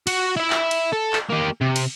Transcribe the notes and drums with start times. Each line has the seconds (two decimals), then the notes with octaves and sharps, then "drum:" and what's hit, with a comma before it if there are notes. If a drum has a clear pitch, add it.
0.07 F#4, drum: cymbal
0.37 E4 E5
0.50 drum: clap
0.71 drum: cymbal
0.92 A4
1.13 drum: clap
1.29 A#3 G4
1.61 C3
1.76 drum: cymbal